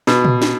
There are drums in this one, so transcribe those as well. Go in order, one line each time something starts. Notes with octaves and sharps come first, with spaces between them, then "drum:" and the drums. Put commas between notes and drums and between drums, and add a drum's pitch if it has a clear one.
B2, drum: snare
drum: tom A#2
drum: snare